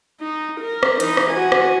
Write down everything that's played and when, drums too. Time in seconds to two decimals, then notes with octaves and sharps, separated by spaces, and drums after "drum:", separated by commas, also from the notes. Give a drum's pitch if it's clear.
0.21 D#4
0.60 A#4
0.83 drum: rim click
1.00 E3 D#4, drum: hi-hat
1.17 drum: rim click
1.30 F#4 G#5
1.52 drum: rim click